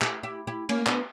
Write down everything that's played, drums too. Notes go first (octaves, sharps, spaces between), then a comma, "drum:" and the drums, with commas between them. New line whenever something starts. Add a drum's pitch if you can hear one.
E4 G4, drum: clap
E4 G4
E4 G4
A#3 C#4, drum: cymbal
B3 D4, drum: clap